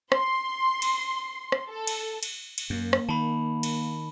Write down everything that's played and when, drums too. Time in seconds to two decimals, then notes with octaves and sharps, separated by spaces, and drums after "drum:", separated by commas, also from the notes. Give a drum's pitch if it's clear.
0.12 C6, drum: rim click
0.82 drum: cymbal
1.52 drum: rim click
1.68 A4
1.87 drum: cymbal
2.23 drum: cymbal
2.58 drum: cymbal
2.70 F#2 A#3
2.93 drum: rim click
3.09 D#3 A5 B5
3.63 drum: cymbal